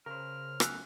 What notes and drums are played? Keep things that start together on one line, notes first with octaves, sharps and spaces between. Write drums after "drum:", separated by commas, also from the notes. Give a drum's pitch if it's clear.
C#3 A#4 C5 F6
F#2 A3 G#5 E6 F#6, drum: rim click